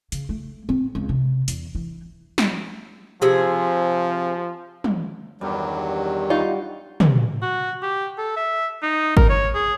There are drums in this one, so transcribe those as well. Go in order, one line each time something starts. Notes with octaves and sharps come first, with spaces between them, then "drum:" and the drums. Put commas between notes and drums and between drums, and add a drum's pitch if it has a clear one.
C#3, drum: hi-hat
A3
C4
C#2
C3
E2, drum: hi-hat
E3
drum: snare
C3 F3 G#4
drum: tom
E2 G2 D#3 F#3 G3
G3 D#4 F4 F#4
drum: tom
F#4
G4
A4
E5
D#4
A#4, drum: kick
C#5
G#4